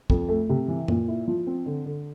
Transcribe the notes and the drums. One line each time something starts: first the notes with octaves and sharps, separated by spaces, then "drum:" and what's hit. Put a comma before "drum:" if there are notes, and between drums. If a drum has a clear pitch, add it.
F2, drum: kick
A3
C3
E3
A#2, drum: tom
E4
F3
C4
D3
D3